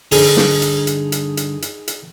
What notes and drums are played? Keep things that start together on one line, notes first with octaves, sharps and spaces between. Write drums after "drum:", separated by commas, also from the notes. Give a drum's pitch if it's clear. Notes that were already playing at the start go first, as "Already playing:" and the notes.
G2 D3 D#4 G#4, drum: open hi-hat
drum: snare
drum: hi-hat
drum: hi-hat
drum: hi-hat
drum: hi-hat
drum: hi-hat
drum: hi-hat